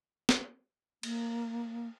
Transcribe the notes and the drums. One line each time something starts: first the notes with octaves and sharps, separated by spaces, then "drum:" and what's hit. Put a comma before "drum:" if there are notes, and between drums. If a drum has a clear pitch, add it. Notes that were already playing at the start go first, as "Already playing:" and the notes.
drum: snare
A#3, drum: cymbal